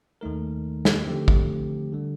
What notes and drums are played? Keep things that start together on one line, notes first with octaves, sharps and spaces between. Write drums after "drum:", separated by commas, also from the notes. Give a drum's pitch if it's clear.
D#2 D#3 A3 D#4 A#4
drum: snare
D3 F3 A3 C4 G4
drum: kick
D3 G3